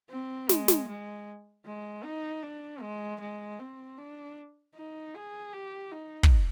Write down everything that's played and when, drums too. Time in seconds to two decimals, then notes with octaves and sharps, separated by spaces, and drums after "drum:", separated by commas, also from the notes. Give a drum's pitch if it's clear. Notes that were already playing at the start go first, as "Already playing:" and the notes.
0.10 C4
0.49 G#3, drum: snare
0.68 drum: snare
0.88 G#3
1.65 G#3
2.04 D#4
2.43 D4
2.82 G#3
3.20 G#3
3.59 C4
3.98 D4
4.76 D#4
5.15 G#4
5.53 G4
5.92 D#4
6.23 drum: kick